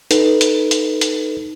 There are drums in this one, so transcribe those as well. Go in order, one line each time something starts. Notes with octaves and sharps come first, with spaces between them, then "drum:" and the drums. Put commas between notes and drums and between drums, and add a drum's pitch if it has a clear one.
D#4 A4 B4, drum: hi-hat
drum: hi-hat
drum: hi-hat
drum: hi-hat